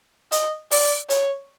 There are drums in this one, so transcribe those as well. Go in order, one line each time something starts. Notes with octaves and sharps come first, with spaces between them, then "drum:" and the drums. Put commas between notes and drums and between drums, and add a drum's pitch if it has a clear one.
D#5, drum: hi-hat
D5, drum: open hi-hat
C#5, drum: hi-hat